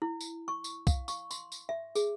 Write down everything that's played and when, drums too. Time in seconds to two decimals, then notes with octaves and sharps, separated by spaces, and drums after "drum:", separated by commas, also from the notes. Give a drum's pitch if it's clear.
0.02 E4
0.21 drum: tambourine
0.48 C#6
0.64 drum: tambourine
0.87 F5, drum: kick, tambourine
1.08 C#6, drum: tambourine
1.31 C6, drum: tambourine
1.52 drum: tambourine
1.69 E5
1.95 G#4, drum: tambourine